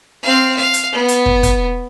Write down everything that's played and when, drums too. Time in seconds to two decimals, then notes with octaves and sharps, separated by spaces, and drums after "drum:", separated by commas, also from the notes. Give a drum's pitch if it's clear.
0.23 C4 F5
0.56 F5
0.74 drum: hi-hat
0.92 B3
1.08 drum: hi-hat
1.26 drum: kick
1.43 drum: kick, hi-hat